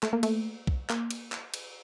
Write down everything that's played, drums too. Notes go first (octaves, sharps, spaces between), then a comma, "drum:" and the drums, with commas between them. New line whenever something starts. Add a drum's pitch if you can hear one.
A3, drum: clap
A#3
A3, drum: cymbal
drum: kick B1
A#3, drum: clap
drum: cymbal
drum: clap
drum: cymbal